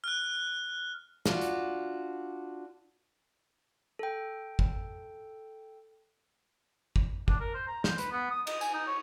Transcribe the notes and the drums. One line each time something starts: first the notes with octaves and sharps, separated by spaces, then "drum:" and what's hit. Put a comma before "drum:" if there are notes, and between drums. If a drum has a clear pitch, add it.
F6 F#6
D4 F4 F#4, drum: snare
drum: hi-hat
A4 G5
drum: kick
drum: kick
D4, drum: kick
A#4
C5
A#5
C5, drum: snare
B4, drum: hi-hat
B3
D#6
D#5, drum: cymbal
G#5, drum: tambourine
D#4
C#5